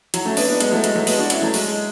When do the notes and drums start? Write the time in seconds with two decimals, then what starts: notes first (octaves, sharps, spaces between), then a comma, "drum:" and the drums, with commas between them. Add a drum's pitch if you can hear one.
0.14 F#3, drum: hi-hat
0.25 A3 C#4
0.37 B3 D4, drum: open hi-hat
0.49 B3 D4
0.60 G#3 B3, drum: hi-hat
0.72 F#3 A3
0.84 G#3, drum: hi-hat
0.95 F#3 A3
1.07 G#3 B3, drum: open hi-hat
1.19 D4 F#4
1.30 C#4 E4, drum: hi-hat
1.42 F#3 A3
1.54 G#3, drum: open hi-hat
1.69 G#3